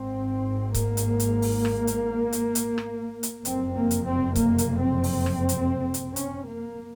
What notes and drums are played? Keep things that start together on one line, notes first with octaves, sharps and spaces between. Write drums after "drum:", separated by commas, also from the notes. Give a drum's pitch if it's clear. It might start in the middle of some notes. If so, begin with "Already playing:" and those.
Already playing: G#1 G#2 C4
A#3, drum: kick C#1, hi-hat
drum: hi-hat
drum: hi-hat
drum: open hi-hat
drum: rim click
drum: hi-hat
drum: hi-hat
drum: hi-hat
drum: rim click
drum: hi-hat
F#1 F2 C3 C4, drum: hi-hat
A#3
drum: hi-hat
C4
A#3, drum: kick C#1, hi-hat
drum: hi-hat
C4
drum: open hi-hat
drum: rim click
drum: hi-hat
drum: hi-hat
C#4, drum: hi-hat
A#3